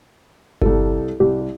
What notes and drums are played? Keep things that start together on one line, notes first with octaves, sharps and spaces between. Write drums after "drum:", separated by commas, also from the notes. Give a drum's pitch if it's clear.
C2 A4, drum: kick G1
C2 G4